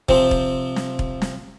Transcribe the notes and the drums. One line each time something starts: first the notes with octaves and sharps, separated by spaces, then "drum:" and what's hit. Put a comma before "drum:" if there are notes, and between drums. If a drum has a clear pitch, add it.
C3 F3 C4, drum: kick
drum: kick
drum: snare
drum: kick
drum: snare